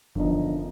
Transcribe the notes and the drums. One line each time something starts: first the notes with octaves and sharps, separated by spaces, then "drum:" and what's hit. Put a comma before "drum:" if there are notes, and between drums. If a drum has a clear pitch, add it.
F#2 D3 F3 B3 D#4, drum: kick F#1